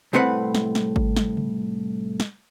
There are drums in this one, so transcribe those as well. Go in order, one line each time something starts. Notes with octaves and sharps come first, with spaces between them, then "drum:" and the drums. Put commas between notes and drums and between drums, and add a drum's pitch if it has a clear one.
C2 A2 C4 B4 F#5
drum: snare
drum: snare
drum: kick G#1
drum: snare
drum: tom C#3
drum: snare